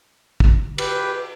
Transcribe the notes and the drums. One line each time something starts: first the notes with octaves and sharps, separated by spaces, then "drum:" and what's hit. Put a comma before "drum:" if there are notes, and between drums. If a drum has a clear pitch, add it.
drum: kick
G4 B4 G5, drum: cymbal